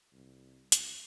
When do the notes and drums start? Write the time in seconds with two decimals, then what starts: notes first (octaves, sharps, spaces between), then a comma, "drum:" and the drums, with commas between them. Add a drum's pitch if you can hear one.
0.13 C2
0.72 C#2, drum: hi-hat